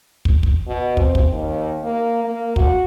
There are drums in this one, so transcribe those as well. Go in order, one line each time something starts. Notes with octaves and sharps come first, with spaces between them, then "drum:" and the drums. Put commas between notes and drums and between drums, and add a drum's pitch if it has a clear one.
drum: kick
drum: kick
B2
C4, drum: kick
drum: kick
D#2
A#3
A#3
F#4, drum: kick